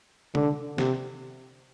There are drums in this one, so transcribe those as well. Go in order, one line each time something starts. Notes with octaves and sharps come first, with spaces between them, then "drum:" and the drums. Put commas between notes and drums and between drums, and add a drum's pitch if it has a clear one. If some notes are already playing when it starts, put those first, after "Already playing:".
D3, drum: tom
C3, drum: snare